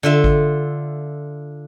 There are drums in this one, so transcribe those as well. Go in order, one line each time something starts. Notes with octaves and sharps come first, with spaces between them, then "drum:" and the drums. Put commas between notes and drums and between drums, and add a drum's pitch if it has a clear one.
D3 F4 E5
drum: kick G#1